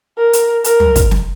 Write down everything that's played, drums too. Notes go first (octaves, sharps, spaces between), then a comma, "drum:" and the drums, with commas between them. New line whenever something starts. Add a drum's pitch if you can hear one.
A#4
drum: hi-hat
A#4, drum: hi-hat
drum: tom
drum: kick, hi-hat
drum: snare